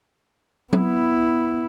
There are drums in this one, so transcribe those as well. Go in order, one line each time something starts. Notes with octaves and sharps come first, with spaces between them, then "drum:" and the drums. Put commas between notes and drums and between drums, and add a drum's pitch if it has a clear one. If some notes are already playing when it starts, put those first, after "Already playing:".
B3 E4, drum: tom F#3